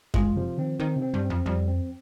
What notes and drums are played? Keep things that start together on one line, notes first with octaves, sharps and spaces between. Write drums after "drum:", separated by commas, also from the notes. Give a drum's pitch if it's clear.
G#3 F4, drum: kick F#2
C3 F3
D#3 C4
D#3 C4
C3
C4
G2
C4
F2
F2 G3
C4